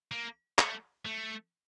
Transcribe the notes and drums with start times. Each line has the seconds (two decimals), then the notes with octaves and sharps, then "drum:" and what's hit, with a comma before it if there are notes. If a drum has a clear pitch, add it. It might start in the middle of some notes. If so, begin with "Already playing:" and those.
0.12 A#3
0.59 A3, drum: clap
1.05 A3